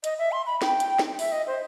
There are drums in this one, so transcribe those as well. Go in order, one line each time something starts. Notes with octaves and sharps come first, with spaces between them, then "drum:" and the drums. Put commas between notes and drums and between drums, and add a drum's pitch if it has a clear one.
D#5, drum: hi-hat
E5
C6
B5
G5, drum: snare
drum: hi-hat
drum: snare
E5, drum: open hi-hat
D#5
C5